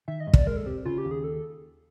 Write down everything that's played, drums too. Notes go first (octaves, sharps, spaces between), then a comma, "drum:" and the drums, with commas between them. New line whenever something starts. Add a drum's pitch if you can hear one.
D#3 E5
D#5
G2
D5, drum: kick
G#3 A#4
A4
C4 G4
C#3 F4
G4
D#2
G#4
A4